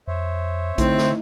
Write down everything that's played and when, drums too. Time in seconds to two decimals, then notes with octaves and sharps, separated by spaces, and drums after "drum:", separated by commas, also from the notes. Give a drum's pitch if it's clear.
0.08 F2 C5 C#5 E5
0.78 D3 A3 C4 D#4 E4, drum: kick A#1, hi-hat
0.98 drum: snare